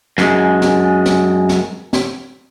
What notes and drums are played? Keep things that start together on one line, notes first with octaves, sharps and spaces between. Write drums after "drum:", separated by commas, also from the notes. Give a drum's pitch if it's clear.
F#2 G#3, drum: snare
drum: snare
drum: snare
drum: snare
drum: snare